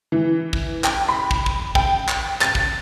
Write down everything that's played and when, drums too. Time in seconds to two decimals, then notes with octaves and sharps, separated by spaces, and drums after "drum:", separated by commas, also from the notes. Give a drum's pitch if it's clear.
0.12 E3
0.53 drum: kick
0.84 G5, drum: clap
1.08 B5
1.31 drum: kick
1.46 drum: kick
1.75 G5, drum: kick
2.08 drum: clap
2.41 A6, drum: clap
2.55 drum: kick